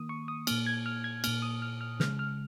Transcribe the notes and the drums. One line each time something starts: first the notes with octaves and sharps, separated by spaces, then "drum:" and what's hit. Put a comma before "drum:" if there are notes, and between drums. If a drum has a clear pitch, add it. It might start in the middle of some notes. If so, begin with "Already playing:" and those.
Already playing: D#3 A#3 D#6
C#6
D#6
A#2 A#3 F6, drum: cymbal
G#6
F6
G#6
A#2 A#3 F6, drum: cymbal
D#6
F6
F6
C#3 G#3 F6, drum: snare
F6